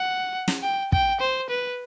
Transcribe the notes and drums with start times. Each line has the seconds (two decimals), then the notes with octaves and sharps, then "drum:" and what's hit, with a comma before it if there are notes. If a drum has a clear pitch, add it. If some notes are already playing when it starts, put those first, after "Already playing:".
Already playing: F#5
0.48 drum: snare
0.63 G5
0.92 G5, drum: kick
1.20 C5
1.49 B4